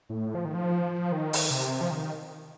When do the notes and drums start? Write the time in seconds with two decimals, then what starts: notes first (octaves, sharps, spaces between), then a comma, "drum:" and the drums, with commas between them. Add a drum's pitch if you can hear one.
0.09 A2
0.35 F3
0.45 D#3
0.55 F3
1.12 D#3
1.33 drum: open hi-hat
1.51 C3
1.81 F3
1.90 D#3